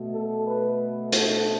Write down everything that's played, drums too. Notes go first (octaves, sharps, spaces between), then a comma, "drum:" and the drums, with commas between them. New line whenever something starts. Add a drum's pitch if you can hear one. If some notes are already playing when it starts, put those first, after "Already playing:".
Already playing: B2 A3
A4
B4
A4, drum: hi-hat